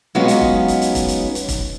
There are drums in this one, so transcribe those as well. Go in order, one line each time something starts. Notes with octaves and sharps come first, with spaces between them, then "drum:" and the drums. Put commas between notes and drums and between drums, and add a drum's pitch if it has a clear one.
F#3 G#3 B3 C#4 D#4 F4
drum: hi-hat
drum: kick F1
drum: hi-hat
drum: hi-hat
drum: kick F1, hi-hat
drum: hi-hat
drum: hi-hat
drum: kick F1, hi-hat